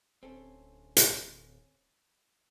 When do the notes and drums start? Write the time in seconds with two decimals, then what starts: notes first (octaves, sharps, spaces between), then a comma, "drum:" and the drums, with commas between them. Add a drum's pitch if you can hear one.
0.23 D1 C4 C#4 A4
0.97 drum: hi-hat